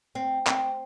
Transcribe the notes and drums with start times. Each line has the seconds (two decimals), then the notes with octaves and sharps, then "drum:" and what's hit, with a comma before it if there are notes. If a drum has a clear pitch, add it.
0.15 C4
0.47 C4, drum: clap